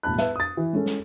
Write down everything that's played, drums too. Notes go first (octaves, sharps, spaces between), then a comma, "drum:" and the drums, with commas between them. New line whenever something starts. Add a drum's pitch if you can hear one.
E1 A2 A5 B5 F#6
B4 E5 A5, drum: snare
D#6 A6
E3
G#3 C#4 A4
drum: snare